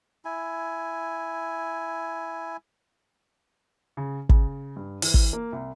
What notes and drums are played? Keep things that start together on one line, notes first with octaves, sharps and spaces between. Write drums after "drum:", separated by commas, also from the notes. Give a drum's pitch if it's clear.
E4 G#5
C#3
C#3, drum: kick
G2
E3, drum: open hi-hat
drum: kick
A#3
C2